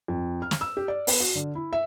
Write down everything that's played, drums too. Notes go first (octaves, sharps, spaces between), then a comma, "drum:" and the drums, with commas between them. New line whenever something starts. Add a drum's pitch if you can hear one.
F2
F6
drum: snare
E6
G4
D5
B3, drum: open hi-hat
F#4
D3
E4
E5